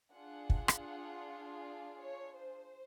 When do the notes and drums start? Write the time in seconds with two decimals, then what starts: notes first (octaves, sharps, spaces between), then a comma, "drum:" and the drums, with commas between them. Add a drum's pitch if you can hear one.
0.12 D4 F4 G#4 F#5
0.50 drum: kick
0.68 drum: rim click
1.61 D5
1.98 C#5
2.36 C5